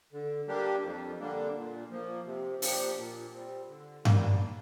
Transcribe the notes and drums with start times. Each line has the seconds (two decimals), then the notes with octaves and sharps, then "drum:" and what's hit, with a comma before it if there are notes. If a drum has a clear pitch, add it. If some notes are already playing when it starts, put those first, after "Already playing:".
0.13 D3
0.48 G3 A#3 D4 G4
0.83 F2
1.20 D3 G3 A#3 D4
1.55 A#2
1.91 F3 A#3
2.26 C3
2.62 F3 A#3 D4 G4, drum: open hi-hat
2.98 A#2
3.33 G3 C4
3.69 D3
4.05 G3 A#3 D4, drum: tom G2